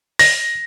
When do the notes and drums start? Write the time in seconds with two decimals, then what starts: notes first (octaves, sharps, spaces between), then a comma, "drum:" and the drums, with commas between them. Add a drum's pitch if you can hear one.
0.19 A#6, drum: open hi-hat